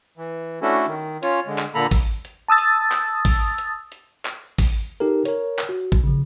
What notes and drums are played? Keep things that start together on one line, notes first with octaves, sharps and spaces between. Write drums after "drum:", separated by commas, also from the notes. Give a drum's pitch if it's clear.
E3
A3 C#4 D4 E4 F#4 A4
D#3
C#4 F4 C#5, drum: hi-hat
D3 G#3
drum: clap
A#2 D3 A#3 A4 A#5 B5
drum: kick, open hi-hat
drum: hi-hat
A5 D#6 E6 A6
drum: hi-hat
drum: clap
drum: kick, open hi-hat
drum: hi-hat
drum: hi-hat
drum: clap
drum: kick, open hi-hat
D#4 G4 A4 A#4
A#4 C#5, drum: hi-hat
drum: clap
F#4
drum: kick
C#3 F3